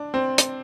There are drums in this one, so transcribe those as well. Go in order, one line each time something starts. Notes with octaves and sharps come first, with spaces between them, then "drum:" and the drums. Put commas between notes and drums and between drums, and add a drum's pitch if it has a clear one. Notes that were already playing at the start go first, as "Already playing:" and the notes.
Already playing: D4
C4
drum: hi-hat